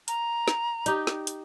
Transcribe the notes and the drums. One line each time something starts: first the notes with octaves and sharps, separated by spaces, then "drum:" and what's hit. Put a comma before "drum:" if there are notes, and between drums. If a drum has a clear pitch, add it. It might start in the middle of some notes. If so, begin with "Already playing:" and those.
A#5, drum: hi-hat
drum: snare
D#4 G4, drum: hi-hat
drum: snare
drum: hi-hat